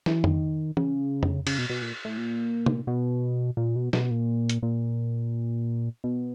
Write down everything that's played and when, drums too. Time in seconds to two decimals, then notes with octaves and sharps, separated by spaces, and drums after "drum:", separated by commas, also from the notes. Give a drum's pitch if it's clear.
0.06 E3, drum: snare
0.24 D#3, drum: tom F2
0.77 C#3, drum: tom E3
1.23 drum: tom F2
1.47 C#3, drum: cymbal
1.58 B2
1.70 B2
1.82 A#2
2.05 A2
2.18 A#2
2.66 drum: tom
2.87 B2
3.57 A#2
3.76 B2
3.93 B2, drum: snare
4.11 A#2
4.49 drum: hi-hat
4.62 A#2
6.04 B2